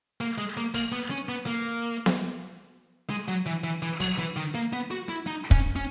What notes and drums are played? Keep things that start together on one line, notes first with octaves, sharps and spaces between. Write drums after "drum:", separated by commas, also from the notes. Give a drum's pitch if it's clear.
A#3
G#3
A#3
A#3, drum: open hi-hat
B3
C#4
B3
A#3
drum: snare B3
G#3
F#3
E3
E3
E3
F#3, drum: open hi-hat
E3
D#3
A#3
B3
F#4
E4
D#4
C#4, drum: kick
C#4